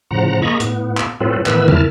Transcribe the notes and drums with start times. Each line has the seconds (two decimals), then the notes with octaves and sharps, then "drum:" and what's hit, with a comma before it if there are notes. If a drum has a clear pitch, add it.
0.11 A2 C#3 F3 F#5 A#5
0.42 A#3 G#4 D#5 A#5 B5 C#6
0.60 A2 B3, drum: hi-hat
0.97 drum: clap
1.20 A2 F#3 C4 F4 A4 B4
1.46 A2 D#3 E3 B3 B4 E6, drum: clap
1.68 E2 E4 A#4 A5 F6, drum: tom